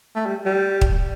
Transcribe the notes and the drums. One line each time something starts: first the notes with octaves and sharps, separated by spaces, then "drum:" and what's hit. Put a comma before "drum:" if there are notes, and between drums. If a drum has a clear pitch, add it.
A3
G3
G3
drum: kick